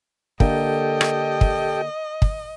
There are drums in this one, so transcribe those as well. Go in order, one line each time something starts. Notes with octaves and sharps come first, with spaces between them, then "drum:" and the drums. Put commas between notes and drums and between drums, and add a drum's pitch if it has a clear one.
D3 A#3 G4 A4 D#5 G5, drum: kick
drum: rim click
drum: kick
drum: kick